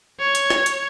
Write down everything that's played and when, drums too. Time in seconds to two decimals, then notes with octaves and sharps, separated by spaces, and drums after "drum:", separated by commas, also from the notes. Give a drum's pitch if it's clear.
0.20 C#5
0.35 drum: hi-hat
0.50 drum: rim click
0.66 drum: hi-hat